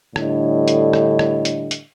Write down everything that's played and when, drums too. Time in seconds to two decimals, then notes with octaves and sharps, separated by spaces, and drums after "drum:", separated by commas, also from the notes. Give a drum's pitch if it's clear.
0.16 A2 D3 G3 D4 D#5, drum: rim click
0.68 drum: hi-hat
0.93 drum: rim click
1.19 drum: rim click
1.45 drum: hi-hat
1.71 drum: hi-hat